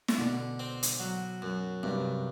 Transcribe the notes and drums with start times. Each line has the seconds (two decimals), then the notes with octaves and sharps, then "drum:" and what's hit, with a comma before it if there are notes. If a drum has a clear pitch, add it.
0.08 drum: snare
0.18 B2 D3
0.59 C4
0.83 drum: hi-hat
1.00 F#3
1.42 F#2
1.83 G2 C3